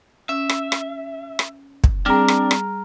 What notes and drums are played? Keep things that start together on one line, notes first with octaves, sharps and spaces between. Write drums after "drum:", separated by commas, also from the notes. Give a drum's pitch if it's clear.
C#4 E5
drum: rim click
drum: rim click
drum: rim click
drum: kick
G3 C4 D4 G#4 A#5 F6
drum: rim click
drum: rim click